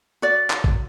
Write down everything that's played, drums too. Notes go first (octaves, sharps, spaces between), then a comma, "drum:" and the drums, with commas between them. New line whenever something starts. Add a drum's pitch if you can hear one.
F#4 D5
drum: clap
drum: kick A1